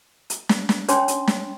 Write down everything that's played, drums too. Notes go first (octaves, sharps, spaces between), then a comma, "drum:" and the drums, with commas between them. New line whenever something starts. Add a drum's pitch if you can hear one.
drum: hi-hat
drum: snare
drum: snare
C#4 D4 C#5 G5 C6, drum: hi-hat
drum: hi-hat
drum: snare